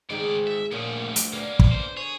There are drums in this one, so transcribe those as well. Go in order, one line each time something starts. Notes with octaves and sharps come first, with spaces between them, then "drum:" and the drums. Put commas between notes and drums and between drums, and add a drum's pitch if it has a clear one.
C#2 G#2 D#3 G#3 D#4 G#4 D5
E5
D2 A#2 F3 G3 A#3 C#4 G#4
drum: hi-hat
D3 A#3 B3 C#4
drum: kick
C5
G#4 C#5